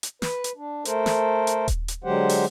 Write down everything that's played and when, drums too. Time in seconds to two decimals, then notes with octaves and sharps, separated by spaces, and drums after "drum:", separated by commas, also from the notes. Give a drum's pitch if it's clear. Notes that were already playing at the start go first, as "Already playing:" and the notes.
0.03 drum: hi-hat
0.22 B4, drum: snare
0.44 drum: hi-hat
0.57 D4
0.85 A3 A4 A#4 C5, drum: hi-hat
1.06 drum: snare
1.47 drum: hi-hat
1.68 drum: kick D#1, hi-hat
1.88 drum: hi-hat
2.04 D3 F#3 G#3 G4 C5 F#5
2.29 drum: open hi-hat